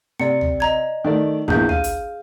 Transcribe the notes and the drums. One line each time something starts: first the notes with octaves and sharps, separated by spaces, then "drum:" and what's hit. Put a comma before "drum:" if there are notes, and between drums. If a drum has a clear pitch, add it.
C3 D5 C#7
drum: tom
D#5 A#5 G#6
D#3 A3 D5
A#1 E2 G#4 G6, drum: kick
F5 D#7, drum: tom
drum: hi-hat